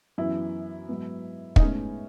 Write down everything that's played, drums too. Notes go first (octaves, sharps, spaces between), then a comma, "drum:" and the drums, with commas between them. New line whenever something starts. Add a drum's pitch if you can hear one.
F#2 E3 B3 E4
G#2 F#3 B3
D#4, drum: kick
A2 G#3 B3 C#4